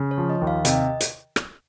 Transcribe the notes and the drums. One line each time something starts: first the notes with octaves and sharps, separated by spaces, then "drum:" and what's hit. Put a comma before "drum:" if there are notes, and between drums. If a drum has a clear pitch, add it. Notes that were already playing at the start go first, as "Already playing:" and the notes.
Already playing: C#3
C#5
F3
D#5
D#2
F5
C3 D#5, drum: hi-hat
drum: hi-hat
drum: rim click